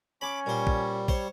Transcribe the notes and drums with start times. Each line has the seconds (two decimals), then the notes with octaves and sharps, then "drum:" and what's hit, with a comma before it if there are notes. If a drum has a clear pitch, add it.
0.21 C#4 G#5 B5 D6
0.46 A#2 G3 C5
0.67 drum: kick
1.08 C5 C#5, drum: kick